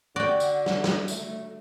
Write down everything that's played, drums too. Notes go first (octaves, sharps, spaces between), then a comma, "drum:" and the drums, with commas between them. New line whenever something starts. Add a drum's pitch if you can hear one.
D3 F#4 D5 G5
drum: tambourine
drum: snare
drum: snare
A3, drum: tambourine